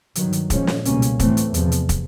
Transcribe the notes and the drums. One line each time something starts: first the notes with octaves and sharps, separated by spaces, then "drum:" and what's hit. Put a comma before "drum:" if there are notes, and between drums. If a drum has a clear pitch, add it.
G2 D#3 F#3, drum: hi-hat
drum: hi-hat
A#2 F3 G#3 C#4, drum: kick, hi-hat
drum: snare
C#2 B2 G3 A#3 C#4, drum: hi-hat
drum: hi-hat
A2 E3 A3 C4, drum: kick, hi-hat
drum: hi-hat
E2 C3 F3, drum: hi-hat
drum: hi-hat
drum: kick, hi-hat